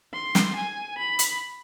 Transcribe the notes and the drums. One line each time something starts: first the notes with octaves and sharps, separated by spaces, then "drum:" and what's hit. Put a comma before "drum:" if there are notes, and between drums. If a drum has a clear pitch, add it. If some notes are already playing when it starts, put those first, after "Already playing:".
C6
drum: snare
G#5
B5
drum: hi-hat